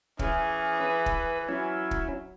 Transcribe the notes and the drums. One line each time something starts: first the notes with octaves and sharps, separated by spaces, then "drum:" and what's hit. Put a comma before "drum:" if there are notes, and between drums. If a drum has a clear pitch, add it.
E3 C#4 G#4, drum: kick
B4
drum: kick
F#3 C#4 E4
drum: kick